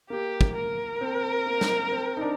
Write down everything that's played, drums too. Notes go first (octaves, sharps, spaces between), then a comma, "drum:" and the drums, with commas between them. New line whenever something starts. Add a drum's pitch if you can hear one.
A#3 G4
drum: kick
A#4
C4
A#3
drum: snare
C4
D#4
D4